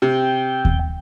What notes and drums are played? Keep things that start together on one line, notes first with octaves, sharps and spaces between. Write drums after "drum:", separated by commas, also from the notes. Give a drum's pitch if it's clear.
C3 G5
drum: kick D#2